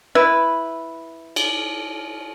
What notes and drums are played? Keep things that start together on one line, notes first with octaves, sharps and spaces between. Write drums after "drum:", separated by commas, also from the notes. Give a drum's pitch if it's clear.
E4 B4
drum: cymbal